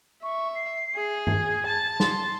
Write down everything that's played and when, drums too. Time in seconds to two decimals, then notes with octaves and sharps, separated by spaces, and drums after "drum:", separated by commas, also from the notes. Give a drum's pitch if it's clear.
0.23 E5 C#6
0.55 C7
0.95 G#4
1.27 G#6, drum: tom G2
1.67 A5
2.00 C6, drum: snare